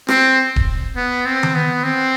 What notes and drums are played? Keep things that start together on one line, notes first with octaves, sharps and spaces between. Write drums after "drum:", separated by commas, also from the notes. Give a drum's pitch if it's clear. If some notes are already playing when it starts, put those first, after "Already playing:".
C4, drum: rim click
drum: kick D#1
B3
C4
drum: tom D#3
B3
C4